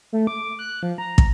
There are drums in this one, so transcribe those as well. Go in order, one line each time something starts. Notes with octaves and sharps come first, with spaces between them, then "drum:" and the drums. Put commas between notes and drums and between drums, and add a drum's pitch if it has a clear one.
A3
D6
F#6
F3
A#5
drum: kick